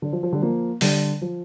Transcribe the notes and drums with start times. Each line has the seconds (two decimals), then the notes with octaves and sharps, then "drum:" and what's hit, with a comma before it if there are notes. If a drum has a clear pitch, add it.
0.02 D3
0.13 F3
0.23 F3
0.32 D3 G3
0.42 F3 A#3
0.81 D3 G3, drum: open hi-hat
1.22 F3